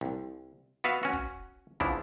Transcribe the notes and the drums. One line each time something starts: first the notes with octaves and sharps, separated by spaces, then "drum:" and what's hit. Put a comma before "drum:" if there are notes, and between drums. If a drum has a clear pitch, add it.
C2
B3 F#4 B4 E5 F5
C#4 F#4
drum: kick
C#3 F3 B3 D4 E4, drum: kick